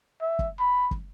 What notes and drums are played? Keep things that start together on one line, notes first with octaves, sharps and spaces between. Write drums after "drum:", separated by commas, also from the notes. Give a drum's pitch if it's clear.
E5
drum: kick
B5
drum: kick